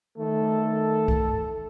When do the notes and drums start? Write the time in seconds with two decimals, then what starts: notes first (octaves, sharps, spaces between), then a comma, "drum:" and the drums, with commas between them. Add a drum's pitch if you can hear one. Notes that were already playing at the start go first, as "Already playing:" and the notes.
0.18 D#3 A3 A4
1.08 drum: kick C2